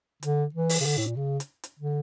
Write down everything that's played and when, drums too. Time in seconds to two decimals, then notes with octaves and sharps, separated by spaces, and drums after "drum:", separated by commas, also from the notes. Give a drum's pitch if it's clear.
0.23 D3, drum: hi-hat
0.54 E3
0.69 drum: open hi-hat
0.80 C#3
0.86 D3
0.97 A2
1.07 A#2
1.16 C#3
1.40 drum: hi-hat
1.64 drum: hi-hat
1.79 D3